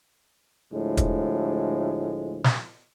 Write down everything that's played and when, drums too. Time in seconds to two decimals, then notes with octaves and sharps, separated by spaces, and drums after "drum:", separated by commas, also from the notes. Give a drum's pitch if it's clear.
0.73 D2 A2 F3 G#3
0.97 drum: kick, hi-hat
2.44 drum: snare